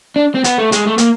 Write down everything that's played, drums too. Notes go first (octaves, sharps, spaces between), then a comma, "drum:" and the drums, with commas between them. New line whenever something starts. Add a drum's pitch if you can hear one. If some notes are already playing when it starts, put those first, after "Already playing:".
D4
C4
B3, drum: hi-hat
A3
G#3, drum: hi-hat
A3
A#3, drum: hi-hat